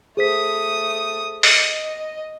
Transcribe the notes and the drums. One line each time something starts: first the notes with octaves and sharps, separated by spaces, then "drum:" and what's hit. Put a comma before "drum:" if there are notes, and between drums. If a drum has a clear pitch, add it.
A3 G#4 C5 D#6 B6
D#5, drum: open hi-hat